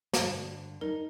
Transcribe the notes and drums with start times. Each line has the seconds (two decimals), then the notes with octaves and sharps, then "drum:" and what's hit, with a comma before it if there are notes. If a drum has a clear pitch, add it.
0.13 G2 D3, drum: snare
0.81 D#4 A#4